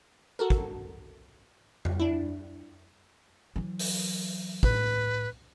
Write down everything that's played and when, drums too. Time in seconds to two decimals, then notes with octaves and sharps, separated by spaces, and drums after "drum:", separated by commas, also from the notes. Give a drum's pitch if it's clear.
0.39 F#4 A4 A#4
0.50 drum: kick
1.85 drum: tom F2
2.00 D4 E4
3.56 E3 F#3
3.79 drum: open hi-hat
4.63 A2 B4, drum: kick